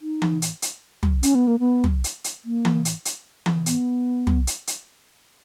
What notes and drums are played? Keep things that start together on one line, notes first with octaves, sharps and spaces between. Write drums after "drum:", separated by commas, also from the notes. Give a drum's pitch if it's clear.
D#4
drum: tom E3
drum: hi-hat
drum: hi-hat
drum: tom
C#4, drum: hi-hat
B3
A#3
B3
drum: tom
drum: hi-hat
drum: hi-hat
A#3
drum: tom E3
drum: hi-hat
drum: hi-hat
drum: tom E3
B3, drum: hi-hat
drum: tom
drum: hi-hat
drum: hi-hat